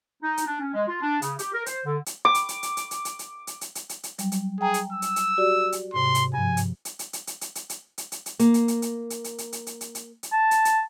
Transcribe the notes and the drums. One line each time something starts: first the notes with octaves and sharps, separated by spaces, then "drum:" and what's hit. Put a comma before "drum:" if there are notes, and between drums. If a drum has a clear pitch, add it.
D#4
drum: hi-hat
D4
C#4
G#3
F4
D4
C#3, drum: hi-hat
G4, drum: hi-hat
A#4
C5, drum: hi-hat
D3
drum: hi-hat
D6
drum: hi-hat
drum: hi-hat
drum: hi-hat
drum: hi-hat
drum: hi-hat
drum: hi-hat
drum: hi-hat
drum: hi-hat
drum: hi-hat
drum: hi-hat
drum: hi-hat
drum: hi-hat
F#3 G3, drum: hi-hat
drum: hi-hat
G#4 G5 G#5 A#5
drum: hi-hat
E6
drum: hi-hat
drum: hi-hat
F#4 G4 D5
drum: hi-hat
G#2 C3 C6
drum: hi-hat
G2 F3 G#5
drum: hi-hat
drum: hi-hat
drum: hi-hat
drum: hi-hat
drum: hi-hat
drum: hi-hat
drum: hi-hat
drum: hi-hat
drum: hi-hat
drum: hi-hat
drum: hi-hat
A#3, drum: hi-hat
drum: hi-hat
drum: hi-hat
drum: hi-hat
drum: hi-hat
drum: hi-hat
drum: hi-hat
drum: hi-hat
drum: hi-hat
drum: hi-hat
drum: hi-hat
drum: hi-hat
A5
drum: hi-hat
drum: hi-hat